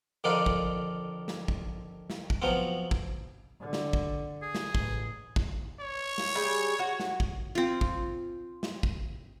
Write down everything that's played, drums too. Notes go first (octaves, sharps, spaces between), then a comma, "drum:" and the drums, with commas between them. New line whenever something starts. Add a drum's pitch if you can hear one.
F2 D3 D#3 D4 D#4 F4
drum: kick
drum: snare
drum: kick
drum: snare
drum: kick
F3 F#3 B3 C4
drum: kick
D3
drum: snare
drum: kick
G#4
drum: snare
A1, drum: kick
drum: kick
C#5
drum: snare
G3 G#4 G5
F#4
drum: snare
drum: kick
C4 F4
drum: kick
drum: snare
drum: kick